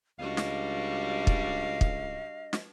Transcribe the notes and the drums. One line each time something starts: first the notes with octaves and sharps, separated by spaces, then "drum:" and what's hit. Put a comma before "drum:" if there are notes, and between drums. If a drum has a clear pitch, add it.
C#2 G3 D4 F#4 D#5 F5
drum: snare
drum: kick
drum: kick
drum: snare